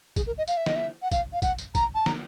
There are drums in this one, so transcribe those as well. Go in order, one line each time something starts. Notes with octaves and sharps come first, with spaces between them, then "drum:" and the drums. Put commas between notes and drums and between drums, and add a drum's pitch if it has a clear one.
G#4, drum: kick A#1, tambourine
A#4
D#5
F5, drum: tambourine
E5
D#5, drum: snare
E5
F#5
F5, drum: kick A#1, tambourine
F5
F#5, drum: kick A#1, tambourine
drum: tambourine
A#5, drum: kick A#1, tambourine
A5
A#5, drum: snare